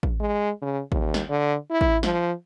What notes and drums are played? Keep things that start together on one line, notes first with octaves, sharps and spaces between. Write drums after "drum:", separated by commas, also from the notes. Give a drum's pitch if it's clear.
drum: kick A1
G#3
C#3
D#2, drum: kick A1
drum: snare
D3
E4
drum: kick A1
F3, drum: snare